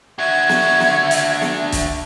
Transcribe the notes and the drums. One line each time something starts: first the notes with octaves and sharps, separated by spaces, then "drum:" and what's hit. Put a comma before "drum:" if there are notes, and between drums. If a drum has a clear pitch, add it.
D4 F#4 E5 G#6
drum: snare
drum: snare
drum: hi-hat
drum: snare
drum: kick, hi-hat